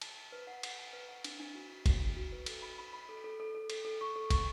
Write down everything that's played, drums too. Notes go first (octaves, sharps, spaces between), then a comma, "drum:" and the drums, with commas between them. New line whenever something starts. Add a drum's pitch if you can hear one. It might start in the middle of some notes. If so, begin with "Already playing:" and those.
A5, drum: cymbal
A5
B4
F#5
F#5, drum: cymbal
A5
B4
F#5
D4, drum: cymbal
D4
F#4
F#4
F#4, drum: kick, cymbal
D4
F#4
B4
A4, drum: cymbal
B5
B5
B5
A4
A4
A4
A4
A4, drum: cymbal
A4
C#6
A4
C#6, drum: kick, cymbal